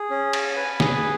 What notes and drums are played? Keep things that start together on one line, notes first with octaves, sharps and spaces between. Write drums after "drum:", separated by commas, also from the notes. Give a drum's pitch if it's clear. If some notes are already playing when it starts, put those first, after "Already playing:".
Already playing: G#4
C#4
G#5, drum: cymbal
B4
G#4, drum: snare